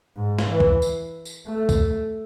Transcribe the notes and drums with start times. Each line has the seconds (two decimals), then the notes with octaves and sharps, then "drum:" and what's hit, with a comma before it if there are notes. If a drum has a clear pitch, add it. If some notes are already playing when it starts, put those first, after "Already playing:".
0.16 G#2
0.39 drum: snare
0.50 E3
0.60 drum: kick
0.82 drum: tambourine
1.25 drum: tambourine
1.48 A3
1.69 drum: kick, tambourine